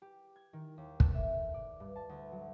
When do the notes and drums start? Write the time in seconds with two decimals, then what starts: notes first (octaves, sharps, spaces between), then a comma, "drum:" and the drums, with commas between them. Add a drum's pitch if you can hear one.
0.02 G4
0.36 G#6
0.53 D#3
0.78 D#2
1.00 A4, drum: kick
1.15 E5
1.54 D5
1.80 G2
1.96 A5
2.09 D2
2.32 F#3